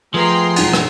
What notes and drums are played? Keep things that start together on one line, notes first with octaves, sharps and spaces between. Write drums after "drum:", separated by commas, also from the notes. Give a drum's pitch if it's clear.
F3 A3 B3 G#4 G5 A#5 C6
E1 D#4 F#5, drum: cymbal
drum: rim click